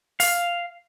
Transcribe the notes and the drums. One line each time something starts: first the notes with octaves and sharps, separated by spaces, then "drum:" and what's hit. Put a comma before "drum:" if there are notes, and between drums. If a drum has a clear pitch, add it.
F5, drum: open hi-hat